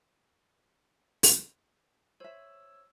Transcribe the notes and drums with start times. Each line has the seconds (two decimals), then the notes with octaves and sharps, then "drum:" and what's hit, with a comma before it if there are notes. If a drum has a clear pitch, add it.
1.23 drum: open hi-hat
2.20 C5 C#5 E5 E6